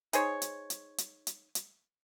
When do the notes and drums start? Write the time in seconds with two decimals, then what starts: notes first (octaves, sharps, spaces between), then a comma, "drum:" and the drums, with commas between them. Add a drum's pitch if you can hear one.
0.13 D#4 G#4 C5 C#5, drum: hi-hat
0.42 drum: hi-hat
0.70 drum: hi-hat
0.98 drum: hi-hat
1.27 drum: hi-hat
1.55 drum: hi-hat